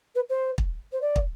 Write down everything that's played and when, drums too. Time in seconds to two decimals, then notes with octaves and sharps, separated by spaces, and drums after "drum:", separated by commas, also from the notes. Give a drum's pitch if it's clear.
0.15 B4
0.29 C5
0.58 drum: kick
0.92 C5
1.01 D5
1.16 drum: kick